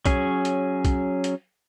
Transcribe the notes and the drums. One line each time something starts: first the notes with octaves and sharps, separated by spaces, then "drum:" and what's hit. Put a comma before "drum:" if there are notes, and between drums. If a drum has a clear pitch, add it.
F#3 C#4 G#4, drum: kick, hi-hat
drum: hi-hat
drum: kick, hi-hat
drum: hi-hat